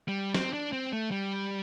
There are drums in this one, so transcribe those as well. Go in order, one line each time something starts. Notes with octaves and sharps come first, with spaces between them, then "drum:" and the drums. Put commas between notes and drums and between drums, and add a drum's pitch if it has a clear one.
G3
C4, drum: snare
D4
C4
A3
G3